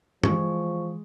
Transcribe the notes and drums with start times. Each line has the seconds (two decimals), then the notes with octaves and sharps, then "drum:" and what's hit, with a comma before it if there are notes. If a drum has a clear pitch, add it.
0.24 E3 F3 G#3 C#6, drum: tom